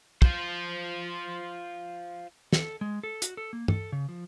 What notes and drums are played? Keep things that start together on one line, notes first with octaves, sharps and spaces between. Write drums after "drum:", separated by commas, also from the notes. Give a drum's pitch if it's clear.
F4 C5, drum: kick
A4, drum: snare
G#3
A4
F#4, drum: hi-hat
A4
A#3
A4, drum: tom G2
C#3
F3